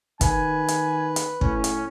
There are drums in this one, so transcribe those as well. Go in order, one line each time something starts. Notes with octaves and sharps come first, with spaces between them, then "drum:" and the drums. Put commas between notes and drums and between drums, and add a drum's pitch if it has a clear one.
D#3 B4 G#5, drum: kick, hi-hat
drum: hi-hat
drum: hi-hat
A2 C#4, drum: kick
drum: hi-hat